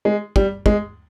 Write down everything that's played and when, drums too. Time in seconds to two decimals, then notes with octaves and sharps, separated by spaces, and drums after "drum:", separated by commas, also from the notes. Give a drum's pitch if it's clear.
0.05 G#3
0.36 G3, drum: kick
0.66 G#3, drum: kick